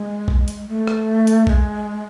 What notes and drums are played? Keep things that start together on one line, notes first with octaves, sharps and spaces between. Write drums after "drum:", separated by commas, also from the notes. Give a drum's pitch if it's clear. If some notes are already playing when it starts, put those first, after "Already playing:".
Already playing: G#3
drum: kick
drum: hi-hat
A3
drum: rim click
drum: hi-hat
G#3, drum: kick